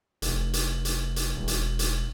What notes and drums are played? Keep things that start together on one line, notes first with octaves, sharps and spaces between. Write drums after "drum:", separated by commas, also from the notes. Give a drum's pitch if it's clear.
F1, drum: hi-hat
drum: hi-hat
drum: hi-hat
drum: hi-hat
E1
drum: hi-hat
drum: hi-hat